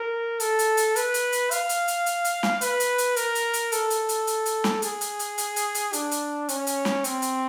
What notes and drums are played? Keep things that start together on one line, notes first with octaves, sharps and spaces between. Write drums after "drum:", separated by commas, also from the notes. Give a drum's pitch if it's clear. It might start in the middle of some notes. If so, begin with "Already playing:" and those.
Already playing: A#4
A4, drum: hi-hat
drum: hi-hat
drum: hi-hat
B4, drum: hi-hat
drum: hi-hat
drum: hi-hat
F5, drum: hi-hat
drum: hi-hat
drum: hi-hat
drum: hi-hat
drum: hi-hat
drum: snare
B4, drum: hi-hat
drum: hi-hat
drum: hi-hat
A#4, drum: hi-hat
drum: hi-hat
drum: hi-hat
A4, drum: hi-hat
drum: hi-hat
drum: hi-hat
drum: hi-hat
drum: hi-hat
drum: snare
G#4, drum: hi-hat
drum: hi-hat
drum: hi-hat
drum: hi-hat
drum: hi-hat
drum: hi-hat
D4, drum: hi-hat
drum: hi-hat
C#4, drum: hi-hat
drum: hi-hat
drum: snare
C4, drum: hi-hat
drum: hi-hat